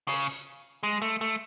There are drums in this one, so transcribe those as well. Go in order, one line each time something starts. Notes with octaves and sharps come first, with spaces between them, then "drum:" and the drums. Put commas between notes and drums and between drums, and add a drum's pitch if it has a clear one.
C#3, drum: open hi-hat
G#3
A3
A3